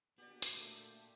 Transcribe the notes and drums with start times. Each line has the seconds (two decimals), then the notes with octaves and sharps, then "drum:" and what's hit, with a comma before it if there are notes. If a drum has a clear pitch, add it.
0.18 D3 A#3 B3 F#4 G4 D5
0.42 drum: hi-hat
0.55 A#2 A3